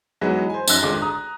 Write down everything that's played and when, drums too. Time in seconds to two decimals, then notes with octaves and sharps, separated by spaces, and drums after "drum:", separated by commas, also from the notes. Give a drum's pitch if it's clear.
0.21 E3 F#3 G#3 B3 D#4 F#4
0.50 C5 G#5
0.68 F#2 D#4 E5 E6 F#6 A#6, drum: tambourine
0.82 G#1 D3 G#3 F4 D6
1.02 A#5 D#6